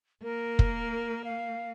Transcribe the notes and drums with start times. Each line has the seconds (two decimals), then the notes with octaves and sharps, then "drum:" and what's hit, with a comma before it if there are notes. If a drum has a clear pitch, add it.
0.23 A#3 A#4
0.59 drum: kick
1.24 F5